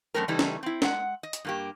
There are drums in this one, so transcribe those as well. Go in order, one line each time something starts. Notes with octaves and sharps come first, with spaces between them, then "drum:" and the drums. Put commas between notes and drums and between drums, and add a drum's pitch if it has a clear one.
F#2 C#3 A3 C4 A#4
C#3 E3 G3 A3 D#4 E4
drum: snare
C4 E4
G#3 F#5, drum: snare
D#5
drum: hi-hat
G2 A#3 G4